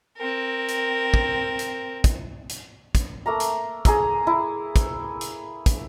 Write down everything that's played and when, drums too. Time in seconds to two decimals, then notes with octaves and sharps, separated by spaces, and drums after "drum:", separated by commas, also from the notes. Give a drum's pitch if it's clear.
0.17 C4 A#4
0.68 drum: hi-hat
1.14 drum: kick
1.59 drum: hi-hat
2.04 drum: kick, hi-hat
2.49 drum: hi-hat
2.95 drum: kick, hi-hat
3.26 A3 A#3 A#5
3.40 drum: hi-hat
3.85 G#4 A#5 E6, drum: kick, hi-hat
4.27 E4
4.76 drum: kick, hi-hat
5.21 drum: hi-hat
5.66 drum: kick, hi-hat